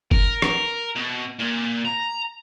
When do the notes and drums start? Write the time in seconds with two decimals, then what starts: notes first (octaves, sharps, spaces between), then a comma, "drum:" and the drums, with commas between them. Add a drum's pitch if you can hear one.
0.11 A#4, drum: kick F#1
0.42 drum: rim click
0.95 B2
1.40 A#2
1.85 A#5